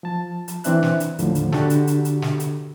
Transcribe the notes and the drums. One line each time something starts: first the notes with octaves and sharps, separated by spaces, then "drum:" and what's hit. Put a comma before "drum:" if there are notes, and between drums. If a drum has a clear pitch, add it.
F3 A5
drum: hi-hat
E3 C4 D4 E5 F#6, drum: hi-hat
drum: snare
drum: hi-hat
D#2 A2 D3 F3, drum: hi-hat
drum: hi-hat
D3 D4 F#4 G4 A4, drum: snare
drum: hi-hat
drum: hi-hat
drum: hi-hat
drum: snare
drum: hi-hat